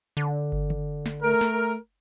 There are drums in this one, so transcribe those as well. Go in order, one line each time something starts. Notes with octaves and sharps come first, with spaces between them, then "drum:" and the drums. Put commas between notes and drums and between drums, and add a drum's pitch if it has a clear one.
D3
drum: kick G1
drum: tom D3
drum: snare
A3 A#4
drum: snare